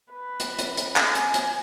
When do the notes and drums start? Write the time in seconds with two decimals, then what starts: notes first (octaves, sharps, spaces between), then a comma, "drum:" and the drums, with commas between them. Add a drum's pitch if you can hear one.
0.12 B4
0.40 drum: hi-hat
0.59 drum: hi-hat
0.77 drum: hi-hat
0.96 G#5, drum: clap
1.15 drum: hi-hat
1.34 drum: hi-hat